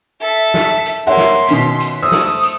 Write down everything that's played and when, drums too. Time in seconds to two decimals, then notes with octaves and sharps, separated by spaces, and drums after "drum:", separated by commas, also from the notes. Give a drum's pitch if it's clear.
0.21 A4 E5
0.54 drum: snare
0.86 drum: hi-hat
1.07 A#3 C#5 E5 F#5 C6
1.17 drum: snare
1.49 B2 D#3 C#4 B6, drum: hi-hat
1.80 drum: hi-hat
2.03 A3 C5 D#6 E6
2.12 drum: snare
2.43 drum: hi-hat